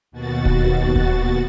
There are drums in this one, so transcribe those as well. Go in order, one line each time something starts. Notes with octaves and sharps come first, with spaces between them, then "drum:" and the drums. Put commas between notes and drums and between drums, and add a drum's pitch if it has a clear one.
D#2 B2 F#4 A6
drum: kick D1
drum: kick D1